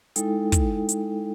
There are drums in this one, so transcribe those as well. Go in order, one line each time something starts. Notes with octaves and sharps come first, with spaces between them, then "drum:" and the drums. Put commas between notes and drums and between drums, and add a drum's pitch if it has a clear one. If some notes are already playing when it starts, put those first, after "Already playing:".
G#3 D#4 E4 A4 G5, drum: hi-hat
drum: kick, hi-hat
drum: hi-hat